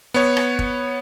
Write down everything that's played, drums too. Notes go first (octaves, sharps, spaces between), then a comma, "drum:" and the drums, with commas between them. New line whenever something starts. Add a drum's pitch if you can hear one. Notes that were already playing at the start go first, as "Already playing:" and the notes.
B3 C#5
drum: rim click
drum: kick